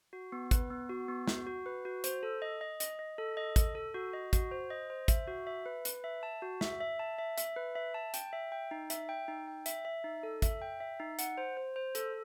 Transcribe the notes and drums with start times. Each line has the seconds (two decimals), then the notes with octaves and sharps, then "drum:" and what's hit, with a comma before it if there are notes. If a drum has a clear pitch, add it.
0.13 F#4
0.32 B3
0.51 B4, drum: kick, hi-hat
0.70 B3
0.89 F#4
1.08 B3
1.28 F#4, drum: snare
1.47 F#4
1.66 B4
1.85 F#4
2.04 C5, drum: hi-hat
2.23 A4
2.42 D#5
2.61 D#5
2.80 D#5, drum: hi-hat
2.99 D#5
3.18 A4
3.37 D#5
3.56 A4, drum: kick, hi-hat
3.75 A4
3.94 F#4
4.13 D#5
4.33 F#4, drum: kick, hi-hat
4.51 C5
4.70 D#5
4.90 C5
5.08 E5, drum: kick, hi-hat
5.28 F#4
5.47 E5
5.66 B4
5.85 B4, drum: hi-hat
6.04 E5
6.23 A5
6.42 F#4
6.61 E5, drum: snare
6.81 E5
6.99 A5
7.18 E5
7.38 E5, drum: hi-hat
7.56 B4
7.76 E5
7.94 A5
8.14 G5, drum: hi-hat
8.33 E5
8.52 G5
8.71 D#4
8.90 E5, drum: hi-hat
9.09 G5
9.28 D#4
9.47 G5
9.66 E5, drum: hi-hat
9.85 E5
10.04 D#4
10.23 A4
10.42 E5, drum: kick, hi-hat
10.62 G5
10.80 E5
11.00 D#4
11.19 F#5, drum: hi-hat
11.38 C5
11.57 C5
11.76 C5
11.95 A4, drum: hi-hat